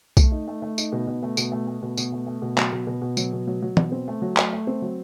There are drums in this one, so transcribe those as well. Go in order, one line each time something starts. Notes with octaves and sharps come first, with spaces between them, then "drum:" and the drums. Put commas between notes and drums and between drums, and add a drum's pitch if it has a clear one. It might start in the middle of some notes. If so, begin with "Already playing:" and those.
A3, drum: kick, tambourine
D#4
A3
A3
D#4, drum: tambourine
B2
B2
A3
B2, drum: tambourine
A3
A3
B2
B2, drum: tambourine
A3
A3
B2
F#3, drum: clap
B2
B2
B2
F#3, drum: tambourine
B2
F#3
F#3
B2, drum: tom
C4
A3
F#3
A3, drum: clap
A3
C4
F#3